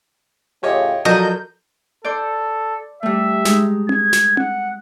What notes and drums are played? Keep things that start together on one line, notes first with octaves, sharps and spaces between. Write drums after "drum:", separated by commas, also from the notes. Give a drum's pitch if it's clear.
A2 C#3 F4 G4 C#5 D#5
F3 F#3 F#4 A4 A#4 D#5 G6
A4 C5 D5
G3 A3 E5
G#3 D#4, drum: snare
G#6, drum: tom C4
drum: snare
F#5, drum: tom C4